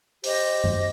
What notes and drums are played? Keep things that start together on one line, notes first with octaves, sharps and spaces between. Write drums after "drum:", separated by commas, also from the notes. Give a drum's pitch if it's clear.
G4 C5 D#5, drum: open hi-hat
drum: tom G2